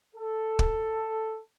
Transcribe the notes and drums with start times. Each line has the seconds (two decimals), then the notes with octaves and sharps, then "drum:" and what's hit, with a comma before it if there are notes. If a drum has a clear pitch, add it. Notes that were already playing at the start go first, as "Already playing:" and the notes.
0.16 A4
0.59 drum: kick